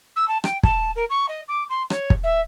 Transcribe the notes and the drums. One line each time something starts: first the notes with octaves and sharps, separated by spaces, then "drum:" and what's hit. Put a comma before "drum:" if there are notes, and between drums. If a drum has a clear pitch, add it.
E6
A5
G5, drum: rim click
A5, drum: kick
A#4
C#6
D#5
D6
C6
C#5, drum: rim click
drum: kick
E5